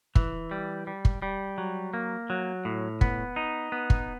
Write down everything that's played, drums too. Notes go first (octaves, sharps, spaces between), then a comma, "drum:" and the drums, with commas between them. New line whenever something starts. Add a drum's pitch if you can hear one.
E3, drum: kick
G3
G3
drum: kick
G3
F#3
A#3
F#3
A2
B3, drum: kick
D#4
B3
drum: kick